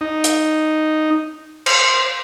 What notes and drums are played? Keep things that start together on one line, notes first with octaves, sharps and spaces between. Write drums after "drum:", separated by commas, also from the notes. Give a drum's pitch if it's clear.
D#4
drum: hi-hat
C5, drum: cymbal